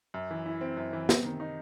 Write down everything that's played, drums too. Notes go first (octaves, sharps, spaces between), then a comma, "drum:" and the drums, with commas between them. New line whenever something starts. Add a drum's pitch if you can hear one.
F#2
E3
E4
C4
F#2
E3
C3, drum: snare
D#3
D#4